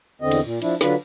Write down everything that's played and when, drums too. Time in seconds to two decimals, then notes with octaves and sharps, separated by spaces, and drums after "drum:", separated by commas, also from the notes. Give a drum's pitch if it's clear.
0.22 E2 D3 C4 D#5
0.31 drum: cymbal
0.44 A#2
0.62 F3 D4 E4, drum: cymbal
0.81 D3 F#3 D4 F4 B4, drum: snare